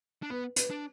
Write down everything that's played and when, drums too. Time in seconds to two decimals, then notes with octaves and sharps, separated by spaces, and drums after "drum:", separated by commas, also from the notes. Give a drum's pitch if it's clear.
0.23 D4
0.30 B3 B4
0.56 B4, drum: hi-hat
0.70 D4